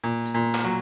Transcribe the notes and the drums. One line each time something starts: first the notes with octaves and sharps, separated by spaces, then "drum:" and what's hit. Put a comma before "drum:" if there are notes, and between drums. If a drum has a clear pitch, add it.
A#2
drum: hi-hat
A#2
drum: clap
F#3